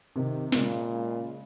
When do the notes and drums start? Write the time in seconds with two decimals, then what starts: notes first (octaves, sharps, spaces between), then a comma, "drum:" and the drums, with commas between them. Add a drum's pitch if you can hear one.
0.16 C3 D#3
0.52 A#2 C#3 G#3, drum: snare